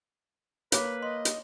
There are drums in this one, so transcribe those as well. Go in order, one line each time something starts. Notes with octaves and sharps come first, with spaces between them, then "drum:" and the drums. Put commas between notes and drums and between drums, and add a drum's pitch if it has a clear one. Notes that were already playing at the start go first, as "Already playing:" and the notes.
A#3 B4 C#5 B5 D6, drum: hi-hat
D#5 C6
drum: hi-hat